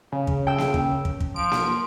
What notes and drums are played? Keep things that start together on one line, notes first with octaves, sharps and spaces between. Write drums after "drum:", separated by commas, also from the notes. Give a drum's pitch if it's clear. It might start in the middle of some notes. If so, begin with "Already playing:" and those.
C#3
drum: kick
G5 E6
drum: snare A#3
drum: kick
drum: kick
drum: kick
F3 D7
drum: snare A#3